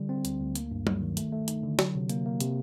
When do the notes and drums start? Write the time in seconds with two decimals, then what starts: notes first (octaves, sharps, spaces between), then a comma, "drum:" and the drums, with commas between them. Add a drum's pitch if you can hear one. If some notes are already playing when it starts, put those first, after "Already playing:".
Already playing: D3 G3
0.09 C4
0.25 D2, drum: hi-hat
0.41 D2
0.55 A#3, drum: hi-hat
0.71 G2
0.87 F#3, drum: tom G3
1.02 D#3
1.17 A3, drum: hi-hat
1.33 A3
1.48 D#4, drum: hi-hat
1.63 D3
1.79 F#3, drum: snare
1.95 C3
2.10 A#3, drum: hi-hat
2.26 A#3
2.40 C3, drum: hi-hat